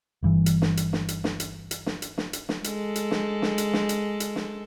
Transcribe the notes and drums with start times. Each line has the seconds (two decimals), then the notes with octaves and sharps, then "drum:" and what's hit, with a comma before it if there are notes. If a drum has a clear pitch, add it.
0.23 G1 G2 E3
0.46 drum: hi-hat
0.62 drum: snare
0.77 drum: hi-hat
0.93 drum: snare
1.09 drum: hi-hat
1.24 drum: snare
1.40 drum: hi-hat
1.71 drum: hi-hat
1.86 drum: snare
2.02 drum: hi-hat
2.18 drum: snare
2.33 drum: hi-hat
2.49 drum: snare
2.64 G#3 A4, drum: hi-hat
2.96 drum: hi-hat
3.11 drum: snare
3.42 drum: snare
3.58 drum: hi-hat
3.73 drum: snare
3.89 drum: hi-hat
4.20 drum: hi-hat
4.36 drum: snare